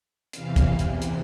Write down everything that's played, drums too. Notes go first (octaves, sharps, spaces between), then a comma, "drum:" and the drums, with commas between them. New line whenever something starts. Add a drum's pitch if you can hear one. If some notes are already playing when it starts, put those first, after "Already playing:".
E2 C3 E3 F5, drum: hi-hat
drum: kick, hi-hat
drum: hi-hat
drum: hi-hat